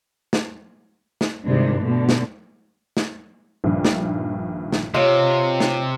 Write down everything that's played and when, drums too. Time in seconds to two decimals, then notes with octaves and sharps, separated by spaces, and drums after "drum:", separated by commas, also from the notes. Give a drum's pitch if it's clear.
0.33 drum: snare
1.21 drum: snare
1.45 G2 C3 D#3 E3 G#3 D4
1.80 B2 D3 A3
2.09 drum: snare
2.97 drum: snare
3.64 A#1 G2 D#3
3.85 drum: snare
4.72 drum: snare
4.94 C3 F4 C#5 D#5 F5
5.60 drum: snare